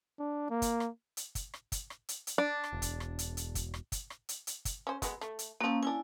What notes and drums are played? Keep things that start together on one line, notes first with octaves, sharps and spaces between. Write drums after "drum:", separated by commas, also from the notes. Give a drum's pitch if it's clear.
D4
A#3
drum: kick, hi-hat
drum: rim click
drum: hi-hat
drum: kick, hi-hat
drum: rim click
drum: kick, hi-hat
drum: rim click
drum: hi-hat
drum: hi-hat
D4
drum: rim click
E1
drum: kick, hi-hat
drum: rim click
drum: hi-hat
drum: hi-hat
drum: kick, hi-hat
drum: rim click
drum: kick, hi-hat
drum: rim click
drum: hi-hat
drum: hi-hat
drum: kick, hi-hat
C#4 C5
F#3 G#3 B3, drum: kick, hi-hat
A3, drum: rim click
drum: hi-hat
F3 F#3 A#3 C#4
C#4 D4 E4 G#5